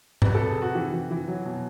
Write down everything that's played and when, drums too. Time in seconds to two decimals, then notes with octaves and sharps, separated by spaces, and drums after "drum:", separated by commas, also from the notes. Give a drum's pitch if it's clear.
0.22 C3 B4, drum: tom G#2
0.35 C3 A4
0.48 G#4
0.57 C3 F#4
0.75 E3 G4
0.92 E3
1.11 E3
1.27 F#3
1.45 B2